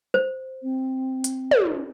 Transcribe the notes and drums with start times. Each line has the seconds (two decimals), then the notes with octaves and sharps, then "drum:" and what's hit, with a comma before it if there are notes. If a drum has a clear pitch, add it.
0.14 C5
0.63 C4
1.24 drum: hi-hat
1.51 drum: tom